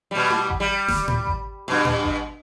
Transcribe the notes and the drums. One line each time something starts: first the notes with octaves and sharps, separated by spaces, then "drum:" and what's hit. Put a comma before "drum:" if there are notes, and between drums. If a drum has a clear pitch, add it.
B2 G3
drum: tom E4
drum: kick G#1
G3
drum: snare D#1
drum: tom A2
drum: kick G#1
G2 B2
drum: tom A2
drum: kick G#1